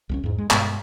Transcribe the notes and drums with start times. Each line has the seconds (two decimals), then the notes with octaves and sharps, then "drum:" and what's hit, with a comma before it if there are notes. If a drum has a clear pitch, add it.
0.09 C2 G#3 C#4
0.23 E2 G#2
0.38 G#3
0.51 G2 B2 G#3 B3, drum: clap